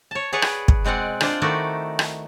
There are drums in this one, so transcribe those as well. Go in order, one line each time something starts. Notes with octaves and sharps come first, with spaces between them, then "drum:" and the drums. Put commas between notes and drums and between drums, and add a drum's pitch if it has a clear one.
C#5 A5
G#4 B4 C#5 D5 F#5
drum: rim click
drum: kick
B2 G#3 C4 D5 F#5
D4 F4 C5 D5, drum: rim click
D#3 A3 D#4 E4 F#4 D5
drum: rim click